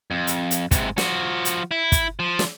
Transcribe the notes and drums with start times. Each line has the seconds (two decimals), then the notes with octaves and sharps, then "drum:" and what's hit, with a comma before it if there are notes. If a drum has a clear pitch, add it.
0.11 F2
0.27 drum: hi-hat
0.51 drum: hi-hat
0.71 G#2 C3, drum: kick, hi-hat
0.98 F3 F#4, drum: snare
1.45 drum: hi-hat
1.71 E4
1.92 drum: kick, hi-hat
2.20 F3
2.39 drum: snare